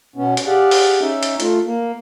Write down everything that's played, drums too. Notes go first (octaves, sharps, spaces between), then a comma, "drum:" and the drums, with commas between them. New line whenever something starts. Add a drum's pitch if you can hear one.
B2 B3 C#4
drum: hi-hat
G4 G#4 D5 F5 F#5
drum: open hi-hat
C#4 D#4 E5
drum: hi-hat
A3 F4, drum: hi-hat
A#3